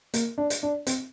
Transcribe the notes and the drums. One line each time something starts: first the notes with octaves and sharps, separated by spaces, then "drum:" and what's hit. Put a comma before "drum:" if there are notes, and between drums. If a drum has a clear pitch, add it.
A#3, drum: hi-hat
D4
drum: hi-hat
D4
C4, drum: hi-hat